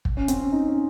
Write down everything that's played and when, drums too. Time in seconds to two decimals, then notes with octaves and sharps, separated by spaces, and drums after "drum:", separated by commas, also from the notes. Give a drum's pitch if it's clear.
0.05 drum: kick
0.17 C#4
0.28 C4, drum: hi-hat
0.40 C#4
0.52 D#4
0.68 C#4